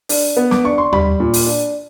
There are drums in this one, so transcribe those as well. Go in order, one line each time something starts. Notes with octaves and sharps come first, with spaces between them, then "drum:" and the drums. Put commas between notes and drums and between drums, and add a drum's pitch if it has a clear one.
D4, drum: open hi-hat
B3
D6, drum: snare
D4 C#6
C6
G3 B5, drum: tom D#2
A#2
drum: open hi-hat
D4